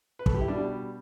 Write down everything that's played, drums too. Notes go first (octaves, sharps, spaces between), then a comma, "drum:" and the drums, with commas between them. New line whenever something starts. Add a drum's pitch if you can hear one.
B4
A4, drum: kick
G4
E4
B2 G3 D4